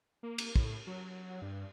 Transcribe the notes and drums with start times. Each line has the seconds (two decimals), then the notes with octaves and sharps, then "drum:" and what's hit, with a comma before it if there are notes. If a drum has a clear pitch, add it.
0.23 A#3
0.38 drum: cymbal
0.56 A2, drum: kick
0.87 F#3
1.42 G2